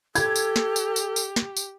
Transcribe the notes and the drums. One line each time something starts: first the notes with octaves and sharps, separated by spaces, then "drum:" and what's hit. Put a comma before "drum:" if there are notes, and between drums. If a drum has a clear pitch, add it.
G4 A4 G#6, drum: tambourine
drum: tambourine
drum: snare
drum: tambourine
drum: tambourine
drum: tambourine
drum: snare
drum: tambourine